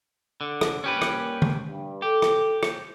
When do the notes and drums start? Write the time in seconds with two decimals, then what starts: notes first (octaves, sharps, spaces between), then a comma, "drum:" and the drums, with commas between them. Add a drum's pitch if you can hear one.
0.41 D3
0.61 drum: rim click
0.84 G3 A#3 C#4 G4 B4
1.02 drum: rim click
1.42 drum: tom D3
1.68 G2
2.02 G4 A4
2.22 drum: rim click
2.63 drum: rim click